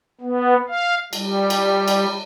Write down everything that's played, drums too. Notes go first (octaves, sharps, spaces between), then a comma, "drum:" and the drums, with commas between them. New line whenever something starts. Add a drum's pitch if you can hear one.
B3
F5
G3, drum: cymbal
drum: cymbal
drum: cymbal